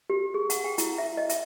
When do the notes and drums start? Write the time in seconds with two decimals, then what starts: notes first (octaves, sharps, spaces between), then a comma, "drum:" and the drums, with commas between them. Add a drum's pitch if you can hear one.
0.10 G4
0.34 G#4
0.50 F#5, drum: hi-hat
0.64 G5
0.78 E4, drum: hi-hat
0.98 E5
1.17 D#5
1.29 E5, drum: hi-hat